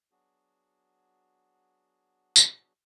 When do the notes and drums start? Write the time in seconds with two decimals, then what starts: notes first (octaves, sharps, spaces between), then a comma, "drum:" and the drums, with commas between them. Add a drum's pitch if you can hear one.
0.11 F#3 B3 D4 F#4 G#4
2.36 drum: tambourine